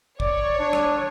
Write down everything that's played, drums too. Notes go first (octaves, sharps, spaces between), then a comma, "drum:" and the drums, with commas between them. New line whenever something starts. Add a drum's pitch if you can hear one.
C#5 D5, drum: kick
D4
drum: rim click